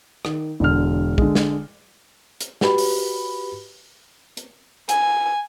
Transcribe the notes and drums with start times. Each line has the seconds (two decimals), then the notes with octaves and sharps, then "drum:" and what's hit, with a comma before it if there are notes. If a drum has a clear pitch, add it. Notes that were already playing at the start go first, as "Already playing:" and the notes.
0.25 D#3, drum: rim click
0.60 E1 D3 F6
1.18 D3 G#3, drum: kick
1.35 drum: snare
2.41 drum: hi-hat
2.61 F#4 G4 B4 B5, drum: snare
2.78 drum: open hi-hat
4.37 drum: hi-hat
4.89 G#5, drum: hi-hat